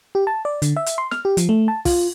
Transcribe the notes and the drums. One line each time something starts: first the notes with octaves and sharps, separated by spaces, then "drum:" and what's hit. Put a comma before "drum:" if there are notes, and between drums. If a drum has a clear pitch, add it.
G4
A5
D5
D3, drum: hi-hat
E5
drum: hi-hat
C6
F6, drum: snare
G4
F3, drum: hi-hat
A3
A5
F4, drum: kick, open hi-hat